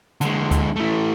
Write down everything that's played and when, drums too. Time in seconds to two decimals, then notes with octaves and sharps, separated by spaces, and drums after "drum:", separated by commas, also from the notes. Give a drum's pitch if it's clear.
0.21 D3 G#3, drum: hi-hat
0.51 drum: kick D2, hi-hat
0.76 E3 A3